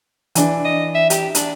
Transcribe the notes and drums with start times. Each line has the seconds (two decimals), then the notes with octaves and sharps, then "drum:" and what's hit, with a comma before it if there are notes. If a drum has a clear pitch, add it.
0.35 E3 D4, drum: hi-hat
0.65 D#5
0.94 E5
1.10 G4, drum: hi-hat
1.35 D4, drum: hi-hat